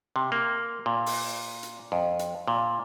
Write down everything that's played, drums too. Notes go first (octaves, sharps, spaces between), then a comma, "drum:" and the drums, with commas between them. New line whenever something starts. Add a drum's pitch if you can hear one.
C3
A#3
A#2
drum: open hi-hat
drum: hi-hat
F2
drum: hi-hat
A#2